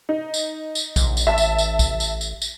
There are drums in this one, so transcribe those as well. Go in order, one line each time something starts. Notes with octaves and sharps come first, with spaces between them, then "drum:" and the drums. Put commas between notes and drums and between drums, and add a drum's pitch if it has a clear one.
D#4
drum: tambourine
drum: tambourine
A#1, drum: kick, tambourine
drum: tambourine
A1 E5 A5
drum: tambourine
drum: tambourine
drum: kick, tambourine
drum: tambourine
drum: tambourine
drum: tambourine